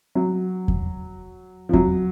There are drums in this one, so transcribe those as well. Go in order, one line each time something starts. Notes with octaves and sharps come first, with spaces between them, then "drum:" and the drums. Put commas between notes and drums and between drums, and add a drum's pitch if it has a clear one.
F#3
drum: kick E2
F3
F#3, drum: kick E2